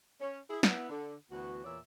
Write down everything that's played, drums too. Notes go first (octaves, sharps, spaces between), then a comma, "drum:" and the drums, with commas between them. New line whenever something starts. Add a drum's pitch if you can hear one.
C#4
E4 G#4
B3 E4, drum: snare
D3
D2 E3 B3 F#4
E2 A#2 E3 C#5 D5 E5